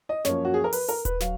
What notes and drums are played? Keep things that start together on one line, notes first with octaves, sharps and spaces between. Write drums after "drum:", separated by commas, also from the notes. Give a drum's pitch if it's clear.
D#5
F#2 F3 A#3 C#5, drum: snare
F#4
G#4
A#4
B4, drum: open hi-hat
A#4, drum: hi-hat
B4, drum: kick D#1, hi-hat
F#3 F5, drum: snare